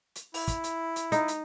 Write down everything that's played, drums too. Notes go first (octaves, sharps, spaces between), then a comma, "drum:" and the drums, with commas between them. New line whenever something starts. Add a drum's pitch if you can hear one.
drum: hi-hat
E4, drum: open hi-hat
drum: kick, hi-hat
drum: hi-hat
drum: hi-hat
D#4, drum: hi-hat
drum: hi-hat